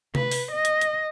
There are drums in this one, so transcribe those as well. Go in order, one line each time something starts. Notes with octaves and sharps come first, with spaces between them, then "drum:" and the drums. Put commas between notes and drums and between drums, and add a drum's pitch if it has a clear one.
B4, drum: tom C3
drum: open hi-hat
D#5
drum: hi-hat
drum: hi-hat